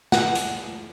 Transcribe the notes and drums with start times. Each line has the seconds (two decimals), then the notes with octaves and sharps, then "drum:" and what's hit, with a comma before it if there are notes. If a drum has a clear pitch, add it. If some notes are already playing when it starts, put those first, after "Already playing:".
0.12 F#5, drum: snare
0.35 drum: hi-hat